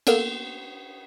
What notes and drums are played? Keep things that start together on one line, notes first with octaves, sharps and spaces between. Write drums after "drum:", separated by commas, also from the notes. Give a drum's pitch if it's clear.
A#3 B3 A4 A#4, drum: cymbal